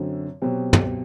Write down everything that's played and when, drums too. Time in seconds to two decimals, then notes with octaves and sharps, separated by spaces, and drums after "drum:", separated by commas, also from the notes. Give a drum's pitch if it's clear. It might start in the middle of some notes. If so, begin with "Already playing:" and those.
Already playing: F#2 D3 F#3 C4 F#4
0.42 B2 F#3 C4 G4
0.73 drum: tom